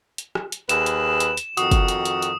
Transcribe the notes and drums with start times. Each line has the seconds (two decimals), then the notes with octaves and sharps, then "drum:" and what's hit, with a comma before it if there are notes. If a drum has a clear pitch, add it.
0.18 drum: hi-hat
0.35 drum: rim click
0.52 drum: hi-hat
0.69 D#2 G#4 B4 E7, drum: hi-hat
0.86 drum: hi-hat
1.20 drum: hi-hat
1.37 drum: hi-hat
1.57 F2 D#3 F#4 D#6, drum: hi-hat
1.71 drum: kick, hi-hat
1.88 drum: hi-hat
2.05 drum: hi-hat
2.22 drum: hi-hat